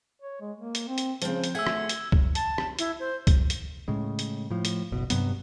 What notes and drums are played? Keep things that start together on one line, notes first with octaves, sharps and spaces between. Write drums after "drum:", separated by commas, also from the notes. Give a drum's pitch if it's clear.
C#5
G#3
A#3
drum: hi-hat
C4
drum: hi-hat
C#3 F3 C4, drum: hi-hat
drum: hi-hat
A3 G#4 E5 F#5 E6 G#6
drum: rim click
drum: hi-hat
drum: kick
A5, drum: hi-hat
drum: rim click
E4, drum: hi-hat
C5
drum: kick, hi-hat
drum: hi-hat
A2 C#3 G#3
drum: hi-hat
A2 F3
drum: hi-hat
F#1 B1 B2
G2 C3 F#3 B3, drum: hi-hat